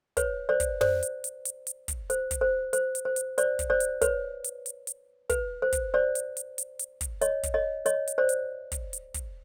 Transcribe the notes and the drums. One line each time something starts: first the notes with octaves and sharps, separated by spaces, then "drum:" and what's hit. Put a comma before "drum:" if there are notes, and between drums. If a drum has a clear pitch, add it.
B4 C#5, drum: kick, hi-hat
C5 D5
drum: kick, hi-hat
C5 D5, drum: tom
drum: hi-hat
drum: hi-hat
drum: hi-hat
drum: hi-hat
drum: kick, hi-hat
C5, drum: hi-hat
drum: kick, hi-hat
C5
C5, drum: hi-hat
drum: hi-hat
C5
drum: hi-hat
C5 D5, drum: hi-hat
drum: kick, hi-hat
C5 D5
drum: hi-hat
B4 C#5, drum: kick, hi-hat
drum: hi-hat
drum: hi-hat
drum: hi-hat
B4, drum: kick, hi-hat
C5
drum: kick, hi-hat
C5 D5
drum: hi-hat
drum: hi-hat
drum: hi-hat
drum: hi-hat
drum: kick, hi-hat
C#5 D#5, drum: hi-hat
drum: kick, hi-hat
C#5 D#5
C#5 D#5, drum: hi-hat
drum: hi-hat
C5 D5
drum: hi-hat
drum: kick, hi-hat
drum: hi-hat
drum: kick, hi-hat